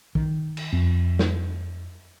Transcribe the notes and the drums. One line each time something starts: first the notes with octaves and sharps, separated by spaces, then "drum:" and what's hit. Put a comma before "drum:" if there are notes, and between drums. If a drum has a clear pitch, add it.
D#3, drum: kick
drum: cymbal
F2
drum: snare